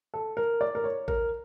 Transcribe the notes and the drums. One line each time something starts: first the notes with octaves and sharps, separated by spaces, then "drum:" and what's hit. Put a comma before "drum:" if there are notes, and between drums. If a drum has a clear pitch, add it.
A4
A#4
D5
A#4
C#5
A#4, drum: kick A1